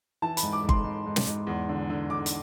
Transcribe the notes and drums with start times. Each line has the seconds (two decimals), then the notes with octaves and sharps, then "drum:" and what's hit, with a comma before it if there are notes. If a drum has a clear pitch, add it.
0.22 E3 A5
0.37 B5, drum: hi-hat
0.43 G#2
0.53 D6
0.64 G#2
0.69 C6, drum: kick G1
0.84 G#2
1.06 G#2
1.16 drum: snare
1.26 G#2
1.47 E2
1.69 D3
1.90 D3
2.10 D3 D6
2.26 drum: hi-hat